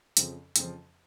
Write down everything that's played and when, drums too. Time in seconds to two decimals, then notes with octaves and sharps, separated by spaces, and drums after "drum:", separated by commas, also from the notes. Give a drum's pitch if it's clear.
0.17 F2 C#3 F3, drum: hi-hat
0.56 F2 C#3 F3, drum: hi-hat